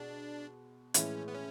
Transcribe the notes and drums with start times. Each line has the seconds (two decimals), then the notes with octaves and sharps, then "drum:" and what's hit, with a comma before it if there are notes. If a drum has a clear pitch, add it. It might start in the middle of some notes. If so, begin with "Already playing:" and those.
Already playing: B2 G#3 D4
0.94 A2 E3 G#3 C#4, drum: hi-hat
1.28 B3
1.34 C#4